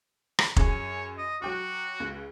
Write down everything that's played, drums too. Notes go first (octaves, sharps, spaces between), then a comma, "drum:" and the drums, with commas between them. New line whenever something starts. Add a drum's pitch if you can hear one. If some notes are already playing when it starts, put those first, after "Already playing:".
drum: rim click
F#2 G#4 C#5 G#5, drum: kick F1
D#5
F#3 F#4 G5 D6
C#2